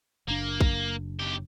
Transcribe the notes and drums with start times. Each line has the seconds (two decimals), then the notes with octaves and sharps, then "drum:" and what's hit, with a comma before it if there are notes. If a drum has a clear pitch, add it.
0.28 F#1 A#3 D4
0.61 drum: kick A1
1.19 B1 G4